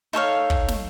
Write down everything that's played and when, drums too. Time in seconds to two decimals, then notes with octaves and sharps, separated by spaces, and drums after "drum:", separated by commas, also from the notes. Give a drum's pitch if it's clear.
0.13 D#4 A4 C#5 F5
0.50 drum: kick
0.68 drum: snare